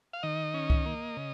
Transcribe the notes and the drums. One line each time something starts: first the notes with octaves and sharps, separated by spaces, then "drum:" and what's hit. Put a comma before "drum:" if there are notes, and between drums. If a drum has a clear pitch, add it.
F5
D#3 D#5
C#4
drum: kick C2
A#3
C#3